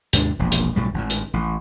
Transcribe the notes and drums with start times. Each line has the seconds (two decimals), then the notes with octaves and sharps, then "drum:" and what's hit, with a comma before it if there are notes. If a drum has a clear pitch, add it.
0.13 D#2 G#2 C3 D4, drum: hi-hat
0.39 E1 A#1
0.52 drum: hi-hat
0.76 B1 A2 G3
0.94 G#1 A2
1.10 drum: hi-hat
1.34 A1